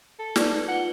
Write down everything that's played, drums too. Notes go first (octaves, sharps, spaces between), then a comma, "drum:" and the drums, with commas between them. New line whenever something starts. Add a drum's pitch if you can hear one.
A4
D#4 B4 D5, drum: snare
F4 B4 F#5 G7